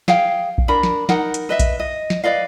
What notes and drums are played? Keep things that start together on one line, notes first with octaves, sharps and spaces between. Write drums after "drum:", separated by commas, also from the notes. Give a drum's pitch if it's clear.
G#4 F5 G5, drum: snare
drum: kick A#1
D4 A#4 B5
drum: snare
D#4 A#4 F#5, drum: snare
drum: hi-hat
B4 D#5 E5
drum: kick A#1, hi-hat
D#5
drum: snare
B4 D5 D#5 F5